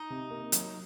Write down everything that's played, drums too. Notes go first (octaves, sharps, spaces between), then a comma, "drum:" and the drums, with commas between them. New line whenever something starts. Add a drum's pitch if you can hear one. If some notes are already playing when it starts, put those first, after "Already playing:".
Already playing: D#4
C3
A#3
F#3, drum: hi-hat